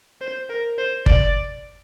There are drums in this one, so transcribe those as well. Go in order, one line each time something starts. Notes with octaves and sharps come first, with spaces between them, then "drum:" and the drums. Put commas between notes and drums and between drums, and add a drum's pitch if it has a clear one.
C5
A#4
C5
D5, drum: kick G1